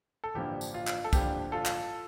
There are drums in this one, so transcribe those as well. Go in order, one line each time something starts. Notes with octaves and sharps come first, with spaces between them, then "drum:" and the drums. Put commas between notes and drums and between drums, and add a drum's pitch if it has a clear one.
A4
A1 G2 D3 F3 A#3 G4
drum: tambourine
F4
drum: clap
A4
A1 G2 D3 F3 A#3 G4, drum: kick, tambourine
F4 A4
drum: clap